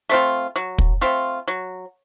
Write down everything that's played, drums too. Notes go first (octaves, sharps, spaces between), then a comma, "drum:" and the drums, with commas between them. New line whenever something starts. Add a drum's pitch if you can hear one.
A3 C4 F4
F#3
drum: kick
A3 C4 F4
F#3